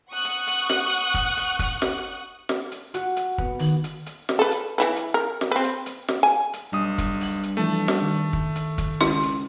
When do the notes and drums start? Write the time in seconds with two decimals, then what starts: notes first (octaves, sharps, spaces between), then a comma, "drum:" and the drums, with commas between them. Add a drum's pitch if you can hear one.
0.11 F#5 C#6 D#6 F#6
0.25 drum: hi-hat
0.47 drum: hi-hat
0.69 drum: snare
1.14 drum: kick, hi-hat
1.37 drum: hi-hat
1.59 drum: kick, hi-hat
1.82 drum: snare
2.49 drum: snare
2.72 drum: hi-hat
2.94 F#4, drum: hi-hat
3.16 drum: hi-hat
3.38 B3, drum: kick
3.59 D#3, drum: open hi-hat
3.84 drum: hi-hat
4.06 drum: hi-hat
4.29 drum: snare
4.39 A4 B4
4.51 drum: hi-hat
4.78 E3 E4 B4
4.96 drum: hi-hat
5.14 A#4
5.41 drum: snare
5.52 C4 B4
5.64 drum: hi-hat
5.86 drum: hi-hat
6.08 drum: snare
6.23 G#5
6.53 drum: hi-hat
6.73 B1 G2 D#6
6.98 drum: kick, hi-hat
7.21 drum: open hi-hat
7.43 drum: hi-hat
7.57 E3 F3 A3 B3 A5
7.88 drum: snare
8.02 D#3
8.33 drum: kick
8.56 drum: hi-hat
8.78 drum: kick, hi-hat
9.01 C#2 E4, drum: snare
9.23 drum: hi-hat